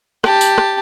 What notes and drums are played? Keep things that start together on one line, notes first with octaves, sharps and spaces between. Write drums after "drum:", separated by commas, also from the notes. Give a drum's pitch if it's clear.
G4 A5, drum: rim click
drum: tambourine
drum: rim click